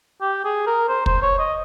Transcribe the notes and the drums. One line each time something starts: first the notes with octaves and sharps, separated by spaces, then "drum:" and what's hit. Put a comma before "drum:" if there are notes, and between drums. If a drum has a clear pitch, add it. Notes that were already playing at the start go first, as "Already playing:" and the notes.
G4
G#4
A#4
C5
C5, drum: kick
C#5
D#5